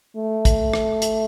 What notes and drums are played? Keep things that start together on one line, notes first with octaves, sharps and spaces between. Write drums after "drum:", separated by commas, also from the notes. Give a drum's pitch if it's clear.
A3
drum: kick, hi-hat
drum: rim click
drum: hi-hat